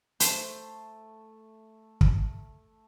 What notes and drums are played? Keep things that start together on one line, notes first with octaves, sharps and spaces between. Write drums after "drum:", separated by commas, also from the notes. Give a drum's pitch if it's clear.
A3 C5 A5, drum: hi-hat
drum: kick